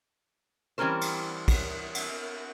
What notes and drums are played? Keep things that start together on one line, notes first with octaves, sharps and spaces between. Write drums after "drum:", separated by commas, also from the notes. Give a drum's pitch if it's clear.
E3 G3 C4 C#4 A#4 C5
drum: cymbal
drum: kick, cymbal
drum: cymbal